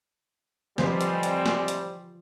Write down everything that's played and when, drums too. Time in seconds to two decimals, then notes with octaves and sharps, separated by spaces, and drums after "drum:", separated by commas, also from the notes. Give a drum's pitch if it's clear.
0.78 A2 F3 G3 G#3 C4 B4 C5, drum: snare
1.01 drum: hi-hat
1.23 drum: hi-hat
1.46 drum: snare
1.68 drum: hi-hat